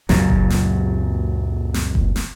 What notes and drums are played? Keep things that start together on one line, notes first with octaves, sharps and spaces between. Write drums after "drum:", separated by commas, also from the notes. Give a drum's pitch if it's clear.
C#2 F#2 A#2 F#3, drum: snare
drum: kick F#1
drum: snare
drum: snare
drum: kick F#1
drum: snare